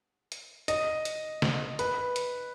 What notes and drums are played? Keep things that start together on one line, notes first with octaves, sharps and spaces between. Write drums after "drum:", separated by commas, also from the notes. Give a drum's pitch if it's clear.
drum: hi-hat
D#5, drum: hi-hat
drum: hi-hat
drum: snare
B4, drum: hi-hat
drum: hi-hat